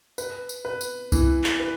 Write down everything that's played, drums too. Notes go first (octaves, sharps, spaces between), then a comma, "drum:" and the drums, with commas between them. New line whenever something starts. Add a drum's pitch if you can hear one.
B4, drum: tambourine
drum: tambourine
B4
drum: tambourine
E3, drum: kick B1, tambourine
drum: clap
B4